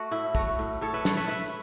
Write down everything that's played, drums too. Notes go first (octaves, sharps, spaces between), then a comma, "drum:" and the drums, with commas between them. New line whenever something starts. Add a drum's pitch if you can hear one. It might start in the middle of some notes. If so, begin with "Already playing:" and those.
Already playing: A3 F#4
A2 E4
A3 F#4, drum: kick
A2
A2 A4 C#5
B4 E5
A3 A4 C#5, drum: snare
B4 E5
E4 B4 E5